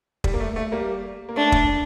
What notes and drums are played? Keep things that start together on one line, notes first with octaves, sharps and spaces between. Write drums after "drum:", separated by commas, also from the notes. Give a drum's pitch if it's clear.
G3, drum: kick
A#3
A3
A3
G3 A#3
A#3
A3 D4
drum: kick